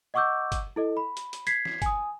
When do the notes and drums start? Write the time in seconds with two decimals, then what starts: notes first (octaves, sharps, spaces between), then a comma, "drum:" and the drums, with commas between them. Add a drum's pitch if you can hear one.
0.14 D#5 F#5 C#6 D6 E6 G6
0.52 drum: kick, hi-hat
0.76 E4 A4 D#5
0.97 B5
1.17 drum: hi-hat
1.33 drum: hi-hat
1.47 G#6 B6 C7, drum: hi-hat
1.65 drum: snare
1.82 G#5 D#6, drum: kick, hi-hat